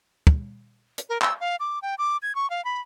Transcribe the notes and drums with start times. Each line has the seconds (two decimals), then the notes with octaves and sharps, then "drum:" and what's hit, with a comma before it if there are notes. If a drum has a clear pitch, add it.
0.27 drum: kick
0.98 drum: hi-hat
1.09 A#4
1.22 E6, drum: clap
1.40 F5
1.60 D6
1.82 G5
1.98 D6
2.22 G#6
2.35 C#6
2.50 F5
2.65 B5